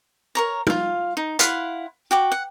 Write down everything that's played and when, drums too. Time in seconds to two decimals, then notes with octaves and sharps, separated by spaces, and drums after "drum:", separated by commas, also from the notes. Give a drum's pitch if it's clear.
0.35 A#4 C#5 A#5
0.67 F4 F5, drum: tom
1.17 D#4
1.39 E4 F5 F#5 C6, drum: hi-hat
2.11 F#4 G5 D6
2.32 F#5